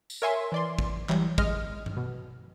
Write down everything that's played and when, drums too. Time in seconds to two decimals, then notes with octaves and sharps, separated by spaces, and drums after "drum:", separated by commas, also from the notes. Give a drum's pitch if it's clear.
0.10 drum: tambourine
0.22 A#4 C#5 E5 G#5 C6
0.52 E3 D5 C6
0.79 drum: kick
1.09 E3 F#3 G3, drum: clap
1.38 G#3 D#5 F6, drum: kick
1.86 drum: tom G2
1.97 B2